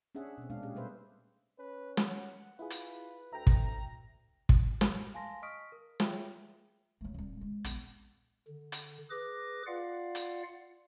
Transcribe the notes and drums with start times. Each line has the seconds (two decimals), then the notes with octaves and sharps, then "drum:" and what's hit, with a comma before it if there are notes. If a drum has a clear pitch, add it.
0.15 C#4 D4 G#4 E5 F#5
0.38 B2 C4
0.50 A#2 G#3 A#3 D4 F5
0.63 C#4 G4 G#4
0.75 B2 G3 A3 B4 C5 E5
1.59 C#4 B4
1.97 F#5, drum: snare
2.59 E4 F4 G#4 B4
2.70 drum: hi-hat
3.32 D2 E5 G5 A#5
3.47 drum: kick
4.49 drum: kick
4.81 A#4, drum: snare
5.14 F5 G#5 A5 C6 A#6
5.42 D#5 C#6 D#6 F6 B6 D7
5.72 A#4
6.00 F4 G#4 C#5 E5 G5, drum: snare
7.01 F#3 A3
7.14 D#1 G3
7.41 G#3
7.64 A#1 B3, drum: hi-hat
8.48 D3
8.72 drum: hi-hat
9.10 G#4 B4 D6 A#6
9.66 F4 D5 F5 F#5
10.15 drum: hi-hat